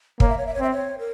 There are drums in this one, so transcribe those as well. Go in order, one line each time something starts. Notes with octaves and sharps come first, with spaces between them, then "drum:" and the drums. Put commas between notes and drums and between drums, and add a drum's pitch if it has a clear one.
A#3 C#5, drum: kick
E5
C#5
E5
C#5
C4 E5
C#5
A#4